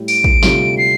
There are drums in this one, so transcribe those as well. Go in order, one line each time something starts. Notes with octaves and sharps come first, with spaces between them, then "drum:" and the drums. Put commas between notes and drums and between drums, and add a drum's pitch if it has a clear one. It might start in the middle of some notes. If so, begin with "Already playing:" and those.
Already playing: A2 G3
D7, drum: open hi-hat
drum: kick
D2 C3 G3 F4, drum: snare
C7